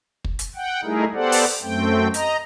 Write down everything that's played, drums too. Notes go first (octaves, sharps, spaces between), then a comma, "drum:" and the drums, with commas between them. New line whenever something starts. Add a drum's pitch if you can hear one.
drum: kick
drum: hi-hat
F#5 G5
G3 A3 D#4 E4 G#4 A#4
B3 G4 A4 C5 D5 F#5
drum: open hi-hat
F#2 A3 C4 G5
D#5 A#5, drum: hi-hat